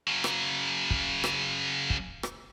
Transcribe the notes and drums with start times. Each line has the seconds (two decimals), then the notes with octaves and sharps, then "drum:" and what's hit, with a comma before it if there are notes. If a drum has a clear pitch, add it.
0.07 C#3 F#3
0.24 drum: rim click
0.90 drum: kick
1.24 drum: rim click
1.90 drum: kick
2.23 drum: rim click